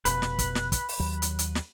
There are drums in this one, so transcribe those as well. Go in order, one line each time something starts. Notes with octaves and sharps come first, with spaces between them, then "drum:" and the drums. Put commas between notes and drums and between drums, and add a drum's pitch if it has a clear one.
F1 B2 B4, drum: hi-hat
drum: snare
drum: kick, hi-hat
drum: snare
drum: kick, hi-hat
drum: open hi-hat
D#2 F#3
drum: hi-hat
drum: hi-hat
drum: snare